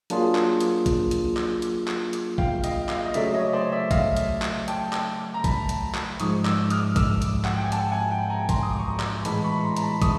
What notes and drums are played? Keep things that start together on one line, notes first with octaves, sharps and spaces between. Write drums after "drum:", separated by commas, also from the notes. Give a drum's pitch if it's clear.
F#3 A#3 D4 F4 G#4, drum: hi-hat
drum: clap
drum: hi-hat
drum: kick, hi-hat
drum: hi-hat
drum: clap
drum: hi-hat
drum: clap
drum: hi-hat
F5 G5, drum: kick
D#5 F5, drum: hi-hat
D#5 F5, drum: clap
D#5
C#3 F#3 A3 D5 E5, drum: hi-hat
C#5 D#5
C5 D5
D5 E5
D#5 F5, drum: kick, hi-hat
drum: hi-hat
drum: clap
G5 A5, drum: hi-hat
drum: clap
A#5
A5 B5, drum: kick, hi-hat
drum: hi-hat
drum: clap
G#2 F3 G#3 C#6 D#6, drum: hi-hat
D6 E6, drum: clap
D#6 F6, drum: hi-hat
D6 E6, drum: kick, hi-hat
drum: hi-hat
F#5, drum: clap
G5
G#5
G5 A5, drum: hi-hat
F#5 G#5
G5 A5
G#5 A#5
A#5 C6, drum: kick, hi-hat
D#6
D6
C#6
A#5 C6
drum: clap
A2 E3 G#3 A5 B5, drum: hi-hat
B5 C#6
A#5 C6
A#5, drum: hi-hat
A5 B5
C#6 D#6, drum: kick, hi-hat